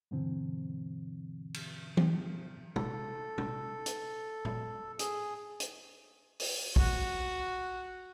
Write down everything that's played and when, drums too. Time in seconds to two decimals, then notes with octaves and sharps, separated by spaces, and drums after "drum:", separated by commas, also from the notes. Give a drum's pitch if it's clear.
0.11 G2 B2 D3 E3 C4
1.54 drum: cymbal
1.97 drum: tom E3
2.76 A4, drum: tom
3.38 drum: tom
3.86 drum: hi-hat
4.45 drum: tom A2
4.99 G#4, drum: hi-hat
5.60 drum: hi-hat
6.39 drum: open hi-hat
6.76 F#4, drum: kick